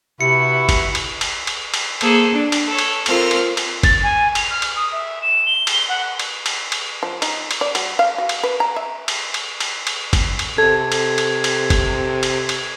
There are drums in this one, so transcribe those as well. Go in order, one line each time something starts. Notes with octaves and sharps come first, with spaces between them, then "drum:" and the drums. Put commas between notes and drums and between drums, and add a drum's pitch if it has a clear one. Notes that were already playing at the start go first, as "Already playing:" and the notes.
C3 E4 F#4 B4 C#7
drum: kick, cymbal
drum: cymbal
drum: cymbal
drum: cymbal
drum: cymbal
A#3 G#4 A4 C5, drum: cymbal
D4
drum: cymbal
A4 C#5
drum: cymbal
C4 F4 A4 A#4 C5 F6, drum: cymbal
drum: cymbal
drum: cymbal
A6, drum: kick, cymbal
G#5
F7, drum: cymbal
F6
drum: cymbal
D#6
E5
E7
G7
drum: cymbal
F#5
drum: cymbal
drum: cymbal
drum: cymbal
F3
D#4, drum: cymbal
drum: cymbal
D5
F#3, drum: cymbal
F5
F#4
drum: cymbal
B4
A#5
E5
drum: cymbal
drum: cymbal
drum: cymbal
drum: cymbal
drum: kick, cymbal
drum: cymbal
C3 A4 G#6
drum: cymbal
drum: cymbal
drum: cymbal
drum: kick, cymbal
drum: cymbal
drum: cymbal